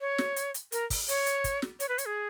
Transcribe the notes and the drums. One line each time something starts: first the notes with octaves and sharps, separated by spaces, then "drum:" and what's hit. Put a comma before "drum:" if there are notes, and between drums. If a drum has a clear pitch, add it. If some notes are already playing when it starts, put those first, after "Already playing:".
C#5
drum: snare
drum: hi-hat
drum: hi-hat
A#4, drum: hi-hat
drum: kick, open hi-hat
C#5, drum: hi-hat
drum: hi-hat
drum: kick, hi-hat
drum: snare
C#5, drum: hi-hat
B4
C#5, drum: hi-hat
G#4